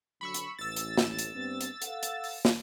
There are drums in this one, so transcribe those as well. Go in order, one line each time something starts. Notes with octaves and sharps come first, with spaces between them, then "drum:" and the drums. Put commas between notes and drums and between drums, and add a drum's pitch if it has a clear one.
D3 F#3 B5 C#6 E6
drum: hi-hat
A1 E6 A6
drum: hi-hat
drum: snare
drum: hi-hat
G2 B3 C4
drum: hi-hat
A4 F5 F#5, drum: hi-hat
drum: hi-hat
drum: open hi-hat
drum: snare